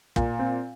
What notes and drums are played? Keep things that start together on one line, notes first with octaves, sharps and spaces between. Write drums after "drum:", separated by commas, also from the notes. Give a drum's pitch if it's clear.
A#2, drum: kick
C4